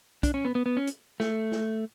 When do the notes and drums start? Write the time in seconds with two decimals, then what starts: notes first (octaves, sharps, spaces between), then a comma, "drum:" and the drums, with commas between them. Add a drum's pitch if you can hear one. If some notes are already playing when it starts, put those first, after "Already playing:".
0.23 D4, drum: kick, hi-hat
0.34 C#4
0.45 B3
0.55 B3
0.66 B3
0.77 C#4
0.87 drum: hi-hat
1.20 A3, drum: snare
1.52 drum: snare